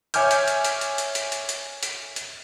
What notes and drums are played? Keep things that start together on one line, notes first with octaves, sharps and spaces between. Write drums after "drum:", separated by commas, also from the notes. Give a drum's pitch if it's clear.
C#5 E5 G#5 D6 F6 G6, drum: hi-hat
drum: hi-hat
drum: hi-hat
drum: hi-hat
drum: hi-hat
drum: hi-hat
drum: hi-hat
drum: hi-hat
drum: hi-hat
drum: hi-hat
drum: hi-hat